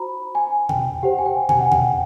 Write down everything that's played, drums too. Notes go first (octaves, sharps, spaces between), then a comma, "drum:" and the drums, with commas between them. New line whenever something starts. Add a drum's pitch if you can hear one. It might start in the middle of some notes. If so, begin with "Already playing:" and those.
Already playing: D#4 F#4 C5 A#5 B5
G#5
G5, drum: tom
G4 C5 F#5
G#5
G5
G#5, drum: tom
F#5
G5, drum: tom